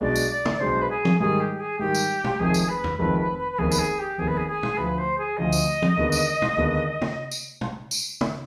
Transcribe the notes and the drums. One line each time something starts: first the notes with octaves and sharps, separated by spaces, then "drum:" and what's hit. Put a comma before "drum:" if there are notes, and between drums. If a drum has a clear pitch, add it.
B1 B2 G#3 D4 D5
drum: tambourine
D5
drum: tom
B1 B2 G#3 D4 C5
B4
G#4
drum: tom
G#2 D#3 G3 G#4
G4
G#4
G#2 D#3 G3 G4
drum: tambourine
drum: tom
F1 F2 D#3 G#3 G#4
drum: tambourine
B4
drum: tom E2
F1 F2 D#3 G#3 B4
B4
B4
B4
F1 D#2 D#3 B3 G#4
B4, drum: tambourine
G#4
G4
F1 D#2 D#3 B3 G#4
B4
G#4
G#4
drum: tom
D2 D3 F3 B4
C5
G#4
D2 D3 F3 D#5
drum: tambourine
drum: tom
D#2 D3 G#3 B3 D4
drum: tambourine
drum: tom
D#2 D3 G#3 B3 D4
drum: tom
drum: tambourine
drum: tom
drum: tambourine
drum: tom